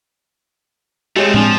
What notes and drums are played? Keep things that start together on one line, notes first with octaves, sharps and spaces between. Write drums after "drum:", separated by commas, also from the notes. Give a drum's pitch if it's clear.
G#3 A3 C4 G4 C#5
F3 C4 D4 G#5, drum: tom A2